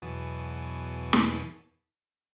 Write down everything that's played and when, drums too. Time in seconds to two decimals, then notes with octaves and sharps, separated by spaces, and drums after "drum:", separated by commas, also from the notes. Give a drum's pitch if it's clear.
0.02 E2 B2 E3 F#3 G#4 A5
1.13 drum: snare